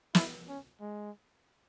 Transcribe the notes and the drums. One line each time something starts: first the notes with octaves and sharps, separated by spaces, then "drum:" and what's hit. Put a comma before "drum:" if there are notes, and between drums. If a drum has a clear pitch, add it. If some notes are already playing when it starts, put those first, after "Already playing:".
E4, drum: snare
C#4
G#3